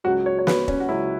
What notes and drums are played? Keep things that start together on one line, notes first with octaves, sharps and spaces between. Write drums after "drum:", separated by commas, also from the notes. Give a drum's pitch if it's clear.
C#2 C#3 F#3 F#4
C#5
C#5
B4, drum: snare
C#4, drum: kick
F#4
C#2 C#3 F#3 E4